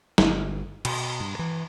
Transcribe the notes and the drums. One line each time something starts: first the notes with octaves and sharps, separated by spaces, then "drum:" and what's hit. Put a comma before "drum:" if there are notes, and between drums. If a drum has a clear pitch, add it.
G1, drum: snare
B2, drum: cymbal
G2
E3